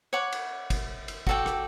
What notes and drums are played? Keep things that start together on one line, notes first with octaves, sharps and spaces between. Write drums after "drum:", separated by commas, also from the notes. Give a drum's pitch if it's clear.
C#5 F#5 B5 D6
drum: cymbal
drum: kick G1, cymbal
drum: cymbal
F#4 A4 D5 G5, drum: kick G1
drum: rim click